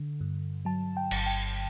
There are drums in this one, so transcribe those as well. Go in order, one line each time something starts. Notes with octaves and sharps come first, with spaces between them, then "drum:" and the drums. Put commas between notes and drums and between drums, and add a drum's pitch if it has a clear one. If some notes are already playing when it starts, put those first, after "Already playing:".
Already playing: D3
G2
F#3 A5
G5
G1, drum: cymbal
G5